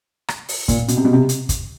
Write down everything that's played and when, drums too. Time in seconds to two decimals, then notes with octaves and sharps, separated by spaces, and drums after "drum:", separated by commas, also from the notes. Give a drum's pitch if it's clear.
0.28 drum: rim click
0.49 drum: open hi-hat
0.68 A#2, drum: kick, hi-hat
0.88 B2, drum: hi-hat
0.97 C3
1.05 B2
1.13 C3
1.29 drum: hi-hat
1.49 drum: kick, hi-hat